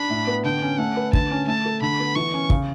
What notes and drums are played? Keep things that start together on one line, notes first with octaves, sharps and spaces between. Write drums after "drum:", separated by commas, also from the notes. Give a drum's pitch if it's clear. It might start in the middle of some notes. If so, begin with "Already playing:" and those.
Already playing: D4 B5
A2
B3
D3 G5
C#4
A3 F#5
B4
D3 A5, drum: kick
C#4
A3 A5
A4
D3 B5
B3
E3 C#6
C#4
C#3, drum: kick